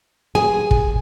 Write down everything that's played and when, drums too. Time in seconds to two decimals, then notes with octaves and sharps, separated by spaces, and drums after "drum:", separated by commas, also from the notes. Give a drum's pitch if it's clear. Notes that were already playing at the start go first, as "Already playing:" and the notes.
0.35 G#4 G#5
0.71 drum: kick